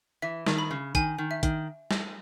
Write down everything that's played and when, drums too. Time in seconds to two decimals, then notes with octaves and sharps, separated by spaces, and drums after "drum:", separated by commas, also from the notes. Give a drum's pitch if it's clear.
0.22 E3 E5
0.47 D#3, drum: snare
0.58 B5
0.71 C#3
0.95 D#3 G#5, drum: kick, hi-hat
1.18 D#3
1.31 E5
1.43 D#3, drum: kick, hi-hat
1.91 drum: snare